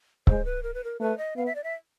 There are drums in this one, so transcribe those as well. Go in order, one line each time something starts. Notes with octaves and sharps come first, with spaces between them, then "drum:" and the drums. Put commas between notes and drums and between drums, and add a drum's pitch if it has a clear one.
G#3 C5, drum: kick C#1
B4
A#4
B4
A#4
A3 B4
D#5
B3 F5
E5
D5
E5